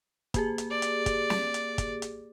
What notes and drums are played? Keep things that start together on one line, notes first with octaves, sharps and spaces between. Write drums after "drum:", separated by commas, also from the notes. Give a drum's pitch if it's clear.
A#3 G4 G#4, drum: kick, hi-hat
drum: hi-hat
D5
drum: hi-hat
drum: kick, hi-hat
drum: snare
drum: hi-hat
drum: kick, hi-hat
drum: hi-hat